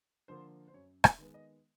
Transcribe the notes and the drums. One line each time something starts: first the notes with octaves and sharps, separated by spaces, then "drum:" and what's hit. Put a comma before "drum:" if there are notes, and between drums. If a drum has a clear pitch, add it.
D3 F3 A#3 C5
C5
F#2 C#5
E5, drum: rim click
D#3 G#3 B3
D#5